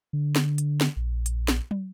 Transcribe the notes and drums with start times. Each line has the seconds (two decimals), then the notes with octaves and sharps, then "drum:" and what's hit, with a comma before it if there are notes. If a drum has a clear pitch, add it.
0.13 D3
0.36 drum: snare
0.58 drum: hi-hat
0.81 drum: snare
0.96 A#1
1.26 drum: hi-hat
1.48 drum: snare
1.71 drum: tom